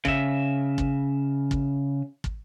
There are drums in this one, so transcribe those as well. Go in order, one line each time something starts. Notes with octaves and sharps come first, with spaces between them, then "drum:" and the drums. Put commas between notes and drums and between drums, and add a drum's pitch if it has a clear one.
C#3 E5, drum: kick
drum: kick
drum: kick
drum: kick